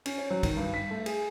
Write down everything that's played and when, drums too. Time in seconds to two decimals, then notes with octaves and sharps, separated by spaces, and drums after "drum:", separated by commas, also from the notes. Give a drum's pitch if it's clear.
0.06 C#4, drum: cymbal
0.18 C#5
0.30 F#3
0.43 D#3, drum: kick, cymbal
0.56 G2
0.74 B6
0.91 A3
1.06 G#4, drum: cymbal